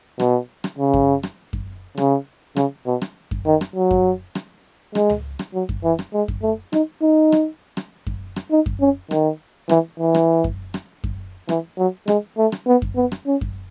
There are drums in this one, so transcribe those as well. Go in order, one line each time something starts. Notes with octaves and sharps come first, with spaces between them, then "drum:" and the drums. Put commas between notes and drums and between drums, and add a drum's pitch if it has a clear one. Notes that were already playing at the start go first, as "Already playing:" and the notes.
B2, drum: rim click
drum: rim click
C#3
drum: kick F#2
drum: rim click
drum: kick F#2
C#3, drum: rim click
C#3, drum: rim click
B2
drum: rim click
drum: kick F#2
D#3
drum: rim click
F#3
drum: kick F#2
drum: rim click
G#3, drum: rim click
drum: tom C#2
drum: rim click
F#3
drum: kick F#2
E3
drum: rim click
G#3
drum: kick F#2
A3
D#4, drum: rim click
D#4
drum: rim click
drum: rim click
drum: kick F#2
drum: rim click
D#4
drum: kick F#2
C#4
D#3, drum: rim click
E3, drum: rim click
E3
drum: rim click
drum: kick F#2
drum: rim click
drum: kick F#2
E3, drum: rim click
F#3
G#3, drum: rim click
A3
drum: rim click
B3
drum: kick F#2
B3
drum: rim click
C#4
drum: kick F#2